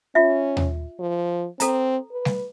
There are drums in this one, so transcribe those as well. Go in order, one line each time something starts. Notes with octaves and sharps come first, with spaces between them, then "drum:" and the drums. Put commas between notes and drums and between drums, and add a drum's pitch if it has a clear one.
C#4 F4 E5
drum: tom D#2
F3
C4 A4 A#5, drum: hi-hat
B4
drum: snare G3